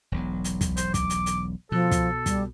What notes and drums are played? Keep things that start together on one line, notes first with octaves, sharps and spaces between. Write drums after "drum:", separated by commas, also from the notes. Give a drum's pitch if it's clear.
E1 B1 F#3
drum: hi-hat
drum: kick, hi-hat
C5, drum: hi-hat
D6, drum: kick, hi-hat
drum: hi-hat
drum: hi-hat
B2 F3 A4
drum: kick, hi-hat
G3, drum: kick, hi-hat